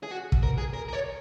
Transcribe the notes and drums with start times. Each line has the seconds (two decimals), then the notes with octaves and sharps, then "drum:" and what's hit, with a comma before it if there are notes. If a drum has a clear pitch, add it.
0.03 G#4
0.11 F#4
0.32 drum: kick
0.43 A#4
0.58 G#4
0.74 A#4
0.89 A#4
0.93 C#5